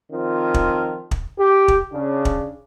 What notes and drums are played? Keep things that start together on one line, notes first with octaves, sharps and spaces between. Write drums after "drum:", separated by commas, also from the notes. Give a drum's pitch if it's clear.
D#3 F3 C4 F4
drum: kick
drum: kick
G4
drum: kick
C#3 D4
drum: kick